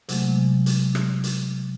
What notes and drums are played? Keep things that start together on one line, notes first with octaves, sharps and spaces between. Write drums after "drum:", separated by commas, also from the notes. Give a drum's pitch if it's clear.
C3 F#3 G#3 A3, drum: hi-hat
drum: hi-hat
drum: rim click
drum: hi-hat